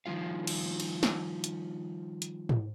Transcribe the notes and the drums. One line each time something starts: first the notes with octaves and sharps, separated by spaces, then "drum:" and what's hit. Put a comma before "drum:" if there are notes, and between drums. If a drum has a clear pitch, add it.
D#3 F3 G3 F4 F5
drum: cymbal
drum: cymbal
drum: snare
drum: hi-hat
drum: hi-hat
drum: tom G#2